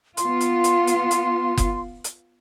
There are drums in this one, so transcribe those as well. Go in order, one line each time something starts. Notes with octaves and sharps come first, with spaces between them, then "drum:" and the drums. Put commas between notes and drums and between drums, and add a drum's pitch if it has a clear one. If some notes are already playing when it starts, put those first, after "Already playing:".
B3 F4 C6, drum: hi-hat
drum: hi-hat
drum: hi-hat
drum: hi-hat
drum: hi-hat
drum: kick F#1, hi-hat
drum: hi-hat